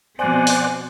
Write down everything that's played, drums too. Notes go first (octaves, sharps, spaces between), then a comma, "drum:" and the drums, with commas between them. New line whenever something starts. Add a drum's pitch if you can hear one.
B2 F3 C4 C5 D5 F#5 G#5
drum: open hi-hat